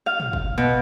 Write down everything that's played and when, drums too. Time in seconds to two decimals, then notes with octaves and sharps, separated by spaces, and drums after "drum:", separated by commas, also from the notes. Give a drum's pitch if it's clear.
0.06 F5
0.20 drum: tom
0.33 drum: kick
0.58 B2